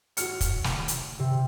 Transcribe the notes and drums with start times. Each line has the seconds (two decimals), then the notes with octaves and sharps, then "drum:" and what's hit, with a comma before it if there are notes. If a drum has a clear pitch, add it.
0.17 F#4 F6 C#7, drum: hi-hat
0.41 drum: kick, hi-hat
0.64 drum: snare
0.88 drum: hi-hat
1.19 C3